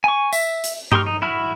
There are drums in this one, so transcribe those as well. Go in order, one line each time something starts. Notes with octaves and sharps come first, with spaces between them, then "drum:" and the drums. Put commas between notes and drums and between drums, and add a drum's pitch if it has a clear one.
G#5 C#6
E5, drum: tambourine
drum: hi-hat
D#4 G4 C6 C#6 F6, drum: tom G2
D#4
E4 F#4 B5 F6